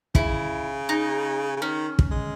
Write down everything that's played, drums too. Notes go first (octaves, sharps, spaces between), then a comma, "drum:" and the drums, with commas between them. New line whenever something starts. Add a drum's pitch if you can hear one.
C#3 E4, drum: kick
D#4
C#3
D#3 C#4
drum: kick
G#3